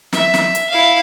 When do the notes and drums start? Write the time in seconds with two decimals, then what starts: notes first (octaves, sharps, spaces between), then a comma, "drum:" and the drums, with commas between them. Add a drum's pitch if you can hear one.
0.13 E5, drum: snare
0.34 drum: snare
0.55 drum: hi-hat
0.70 E4 F5